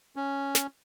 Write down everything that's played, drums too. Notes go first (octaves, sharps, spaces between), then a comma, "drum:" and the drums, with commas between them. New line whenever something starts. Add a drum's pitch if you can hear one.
C#4
drum: snare